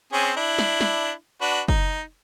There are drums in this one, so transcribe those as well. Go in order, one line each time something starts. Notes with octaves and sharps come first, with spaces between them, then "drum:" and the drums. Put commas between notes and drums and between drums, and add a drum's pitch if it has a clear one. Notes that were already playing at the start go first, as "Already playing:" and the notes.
C4 C#4 G#4
D4 E4
drum: snare
drum: snare
D4 F#4 B4
D#4, drum: kick